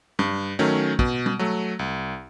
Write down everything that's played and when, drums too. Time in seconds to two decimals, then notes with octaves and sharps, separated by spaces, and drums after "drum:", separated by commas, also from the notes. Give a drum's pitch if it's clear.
0.19 G2, drum: tom
0.59 D#3 F#3 A3 C#4
0.99 B2, drum: kick
1.26 drum: tom
1.39 F#3 A3
1.79 C2